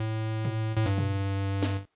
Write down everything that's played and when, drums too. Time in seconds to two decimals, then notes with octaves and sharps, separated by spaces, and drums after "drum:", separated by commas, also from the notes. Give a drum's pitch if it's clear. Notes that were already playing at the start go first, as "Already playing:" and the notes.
Already playing: A2
0.45 drum: tom A2
0.77 A2
0.86 G2
0.98 drum: tom A#2
1.63 drum: snare